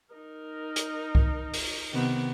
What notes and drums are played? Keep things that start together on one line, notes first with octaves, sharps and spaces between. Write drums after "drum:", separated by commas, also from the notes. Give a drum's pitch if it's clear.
D#4 A#4
drum: hi-hat
drum: kick C2
drum: open hi-hat
C3 D#3 B3